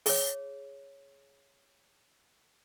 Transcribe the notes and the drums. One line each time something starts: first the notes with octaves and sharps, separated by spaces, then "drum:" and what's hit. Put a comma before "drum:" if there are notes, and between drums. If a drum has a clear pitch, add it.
G#4 C#5, drum: open hi-hat